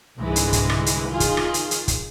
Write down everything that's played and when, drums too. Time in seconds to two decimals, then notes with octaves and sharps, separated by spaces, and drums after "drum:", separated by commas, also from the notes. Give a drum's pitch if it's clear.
0.19 C2 G#2 D3 E3 G#3
0.36 drum: hi-hat
0.53 drum: kick, hi-hat
0.69 drum: rim click
0.86 drum: hi-hat
1.09 D#3 F4 G#4
1.20 drum: kick, hi-hat
1.37 drum: rim click
1.54 drum: hi-hat
1.71 drum: hi-hat
1.88 drum: kick, hi-hat